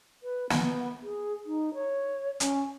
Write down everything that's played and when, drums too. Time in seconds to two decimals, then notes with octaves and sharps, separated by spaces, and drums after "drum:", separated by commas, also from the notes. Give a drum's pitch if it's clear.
0.23 B4
0.50 B3, drum: snare
1.03 G#4
1.46 D#4
1.74 C#5
2.40 C#4, drum: hi-hat